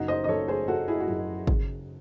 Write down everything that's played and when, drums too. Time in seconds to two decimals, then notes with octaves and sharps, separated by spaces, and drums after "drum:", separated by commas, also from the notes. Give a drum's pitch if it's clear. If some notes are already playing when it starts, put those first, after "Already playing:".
Already playing: F#1 D#4 F#4
0.08 C5 D#5
0.24 D#5
0.28 F#1 A4 C#5
0.48 G#4 C5
0.68 C#3 F#4 A4
0.88 E4 G#4
1.00 F#4
1.07 F#2 E4
1.47 C#3, drum: kick G#1